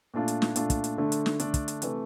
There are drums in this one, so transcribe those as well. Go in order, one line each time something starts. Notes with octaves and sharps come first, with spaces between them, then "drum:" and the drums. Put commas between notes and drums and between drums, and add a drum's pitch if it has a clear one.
A#2 A3 D4 F4
drum: hi-hat
drum: snare
A#2 A3 D4 F4, drum: hi-hat
drum: kick, hi-hat
drum: hi-hat
D3 A3 D4
drum: hi-hat
drum: snare
D3 A3 D4, drum: hi-hat
drum: kick, hi-hat
drum: hi-hat
C3 E3 A3, drum: hi-hat